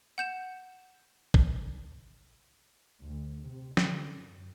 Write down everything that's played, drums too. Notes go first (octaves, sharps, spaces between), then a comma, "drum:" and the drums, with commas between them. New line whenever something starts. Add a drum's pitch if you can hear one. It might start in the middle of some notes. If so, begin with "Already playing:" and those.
F#5 G6 E7
drum: kick
D2
C3
D3, drum: snare
F#2